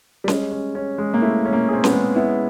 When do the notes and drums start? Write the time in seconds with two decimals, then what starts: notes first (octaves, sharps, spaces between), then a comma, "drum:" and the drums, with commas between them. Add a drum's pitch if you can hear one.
0.24 G3
0.28 G#3 C#4, drum: snare C#4
0.52 C#4
0.75 C#4
0.98 G#3
1.14 A#3
1.22 A3 E4
1.45 C#4
1.53 A#3
1.68 C4 G#4
1.84 B3, drum: snare C#4
1.92 G#3
2.15 B3 E4